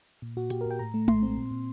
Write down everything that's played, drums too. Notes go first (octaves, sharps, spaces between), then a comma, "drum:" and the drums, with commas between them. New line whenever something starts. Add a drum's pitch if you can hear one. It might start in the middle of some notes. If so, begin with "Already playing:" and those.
A#2
A#2 F#4
A#2 G4, drum: hi-hat
A#4
A#2 G5
A2 A#5
A3
A#1 C6, drum: tom G#3
C4
A#2
A#2